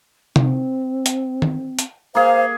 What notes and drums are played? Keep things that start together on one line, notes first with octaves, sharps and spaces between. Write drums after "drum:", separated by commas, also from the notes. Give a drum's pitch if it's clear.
C4, drum: tom C3
drum: hi-hat
drum: tom D#3
drum: hi-hat
A#3 G#4 C5 F5